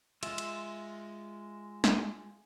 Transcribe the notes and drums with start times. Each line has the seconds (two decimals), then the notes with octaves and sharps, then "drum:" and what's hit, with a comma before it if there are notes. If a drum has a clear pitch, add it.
0.23 G#3 F4 E5, drum: cymbal
0.38 drum: cymbal
1.84 drum: snare